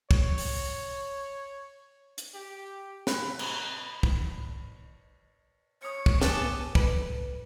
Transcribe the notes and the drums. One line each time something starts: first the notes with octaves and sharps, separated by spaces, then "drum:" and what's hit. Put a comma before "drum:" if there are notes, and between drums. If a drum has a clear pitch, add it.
C#5, drum: kick
drum: open hi-hat
drum: hi-hat
G4
B4, drum: snare
drum: cymbal
drum: kick
C#5 D#6 C#7
drum: kick
B3 G#5 A5 D6 A6 G7, drum: snare
B4, drum: kick